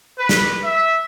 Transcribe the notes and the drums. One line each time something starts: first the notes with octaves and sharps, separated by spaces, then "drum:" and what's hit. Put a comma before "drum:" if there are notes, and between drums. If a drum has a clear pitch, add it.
B4
drum: snare
E5